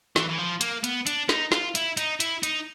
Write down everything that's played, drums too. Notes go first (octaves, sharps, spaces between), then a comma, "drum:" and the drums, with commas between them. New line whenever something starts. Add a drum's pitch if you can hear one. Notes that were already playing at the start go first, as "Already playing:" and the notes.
E3, drum: snare
E3
F3
A#3, drum: hi-hat
B3, drum: hi-hat
D4, drum: hi-hat
D#4, drum: snare
F4, drum: snare
E4, drum: hi-hat
D#4, drum: hi-hat
E4, drum: hi-hat
D#4, drum: hi-hat